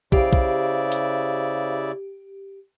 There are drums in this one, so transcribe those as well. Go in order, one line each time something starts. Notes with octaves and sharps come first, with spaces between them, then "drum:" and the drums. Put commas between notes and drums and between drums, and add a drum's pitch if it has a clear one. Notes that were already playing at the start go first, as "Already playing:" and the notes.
C#3 E4 G4 C5 D5 F5, drum: kick
drum: kick
drum: hi-hat